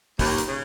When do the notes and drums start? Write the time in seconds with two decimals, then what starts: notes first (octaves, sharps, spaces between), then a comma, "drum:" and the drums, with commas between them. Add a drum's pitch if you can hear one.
0.19 D#2, drum: kick, open hi-hat
0.38 drum: hi-hat
0.48 C#3